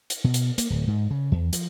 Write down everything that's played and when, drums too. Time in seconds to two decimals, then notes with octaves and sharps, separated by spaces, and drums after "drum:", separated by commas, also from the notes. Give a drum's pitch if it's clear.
0.10 drum: hi-hat
0.24 B2
0.34 drum: hi-hat
0.58 A#3, drum: hi-hat
0.70 D1
0.88 G#2
1.11 C#3
1.32 E2
1.53 F3, drum: hi-hat